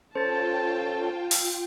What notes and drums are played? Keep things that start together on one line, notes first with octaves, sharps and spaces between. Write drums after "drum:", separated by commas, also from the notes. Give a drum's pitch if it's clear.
C#4 F4 A4 C5 G5 A5 A6
drum: open hi-hat